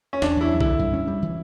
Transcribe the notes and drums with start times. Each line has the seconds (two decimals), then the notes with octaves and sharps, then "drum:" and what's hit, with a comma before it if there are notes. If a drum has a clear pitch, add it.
0.13 C#4
0.22 E2 D4, drum: snare
0.37 E2 E4
0.51 F#3
0.61 E4, drum: kick B1
0.66 D3
0.79 G2
0.93 C#4
1.07 G3
1.22 E3